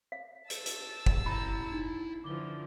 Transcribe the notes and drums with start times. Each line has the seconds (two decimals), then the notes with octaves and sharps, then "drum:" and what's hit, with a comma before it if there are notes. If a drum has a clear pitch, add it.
0.12 F5
0.50 A5 E6, drum: hi-hat
0.66 drum: hi-hat
1.06 drum: kick
1.26 E4 A#5 B5
1.72 D#4
2.24 D3 E3 F3 D6 G7